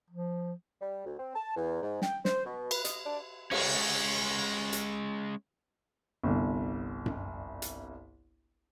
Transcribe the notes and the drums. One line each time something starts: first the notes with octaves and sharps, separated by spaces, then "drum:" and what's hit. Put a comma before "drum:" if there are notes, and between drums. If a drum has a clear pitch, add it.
F3
G3
D2
C4
A5
E2
G#2
G5, drum: snare
C5, drum: snare
B2
B4, drum: cymbal
D#5, drum: hi-hat
D4
G#3 C#4, drum: cymbal
drum: hi-hat
G1 C2
drum: tom F#2
drum: hi-hat